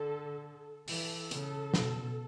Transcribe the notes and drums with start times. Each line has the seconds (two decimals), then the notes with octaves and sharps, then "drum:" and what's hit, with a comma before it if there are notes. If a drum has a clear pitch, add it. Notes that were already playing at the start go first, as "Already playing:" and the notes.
Already playing: D3 A4
0.88 E3 A4, drum: open hi-hat
1.31 C#3, drum: hi-hat
1.74 B2, drum: snare